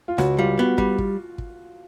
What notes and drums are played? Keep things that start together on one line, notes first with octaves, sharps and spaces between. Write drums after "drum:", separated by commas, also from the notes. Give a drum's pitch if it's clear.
F4
C#2 F#4, drum: snare
G3 F4
B3 F#4
G3, drum: kick
drum: kick
drum: kick